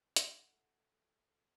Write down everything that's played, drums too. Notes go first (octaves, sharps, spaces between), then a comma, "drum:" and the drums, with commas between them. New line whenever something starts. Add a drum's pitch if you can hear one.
A3 E4 F#4, drum: hi-hat